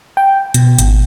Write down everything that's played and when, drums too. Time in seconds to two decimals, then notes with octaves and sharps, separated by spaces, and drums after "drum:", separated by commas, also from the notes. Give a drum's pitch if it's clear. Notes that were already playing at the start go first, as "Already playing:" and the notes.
0.17 G5
0.54 B2, drum: hi-hat
0.79 G#1, drum: hi-hat